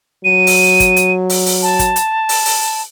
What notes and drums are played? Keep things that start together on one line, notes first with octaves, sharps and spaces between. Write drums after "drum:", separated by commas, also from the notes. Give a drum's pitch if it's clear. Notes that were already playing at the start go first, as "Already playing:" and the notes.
F#3 D#7
drum: open hi-hat
drum: kick G#1, hi-hat
drum: hi-hat
drum: open hi-hat
drum: open hi-hat
A5
drum: kick G#1, hi-hat
drum: hi-hat
drum: open hi-hat
drum: open hi-hat